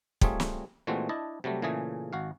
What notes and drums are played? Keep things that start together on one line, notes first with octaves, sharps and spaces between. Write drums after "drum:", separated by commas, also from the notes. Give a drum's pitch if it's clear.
G3 A3 C4 F4 G#4 C#5, drum: kick
drum: snare
A#2 E3 G#3 A3 C4 F#4
D4 E4 D#5 A5
C3 F#3 G3 A3
A#2 C#3 E3 A3 G#4 G#5
G#1 F#4 F5